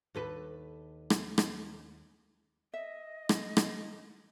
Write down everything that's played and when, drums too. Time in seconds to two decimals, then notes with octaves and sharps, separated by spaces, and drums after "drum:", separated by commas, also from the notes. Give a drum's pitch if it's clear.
0.14 D#2 A4 B4
1.10 drum: rim click
1.38 drum: rim click
2.73 D#5 E5
3.29 drum: rim click
3.57 drum: rim click